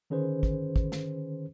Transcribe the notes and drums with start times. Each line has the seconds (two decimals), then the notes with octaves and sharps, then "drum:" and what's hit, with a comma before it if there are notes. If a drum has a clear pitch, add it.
0.10 D3 D#3 C#4 G#4 B4 C5
0.43 drum: kick
0.76 drum: kick
0.92 drum: snare